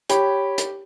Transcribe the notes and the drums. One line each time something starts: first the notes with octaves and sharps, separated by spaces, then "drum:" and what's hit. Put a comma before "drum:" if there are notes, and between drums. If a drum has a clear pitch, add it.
G4 C#5 B5, drum: hi-hat
drum: hi-hat